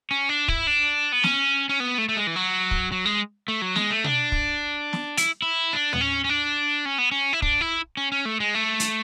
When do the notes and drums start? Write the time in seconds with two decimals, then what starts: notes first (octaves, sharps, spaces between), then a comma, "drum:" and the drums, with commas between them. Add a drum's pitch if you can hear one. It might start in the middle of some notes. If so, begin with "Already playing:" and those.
0.11 C#4
0.29 D4
0.48 E4, drum: kick
0.67 D4
1.12 B3
1.24 C#4, drum: snare
1.69 C#4
1.80 B3
1.98 A3
2.09 A3
2.17 G#3
2.27 E3
2.36 F#3
2.71 drum: kick
2.92 F#3
3.05 G#3
3.48 A3
3.62 F#3
3.76 G#3, drum: snare
3.90 A3
4.04 D4, drum: tom B2
4.32 drum: kick
4.93 drum: snare
5.17 E4, drum: hi-hat
5.42 E4
5.73 D4
5.93 B3, drum: tom
6.01 C#4
6.24 C#4
6.29 D4
6.85 C#4
6.98 B3
7.11 C#4
7.33 E4
7.42 D4, drum: kick
7.61 E4
7.97 C#4
8.12 C#4
8.25 A3
8.40 G#3
8.55 A3
8.80 drum: hi-hat